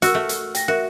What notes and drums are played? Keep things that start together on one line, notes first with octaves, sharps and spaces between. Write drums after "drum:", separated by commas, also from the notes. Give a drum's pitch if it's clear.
F#4 A#4 E6 F6, drum: hi-hat
A3
drum: hi-hat
G5 A#6, drum: hi-hat
F#4 A#4 E5